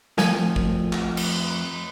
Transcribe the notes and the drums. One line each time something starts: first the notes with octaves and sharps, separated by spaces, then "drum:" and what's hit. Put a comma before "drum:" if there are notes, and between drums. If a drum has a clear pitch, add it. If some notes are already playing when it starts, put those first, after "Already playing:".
F2 F3 A3 A#4 F5 G#5, drum: snare
drum: kick
drum: clap
drum: cymbal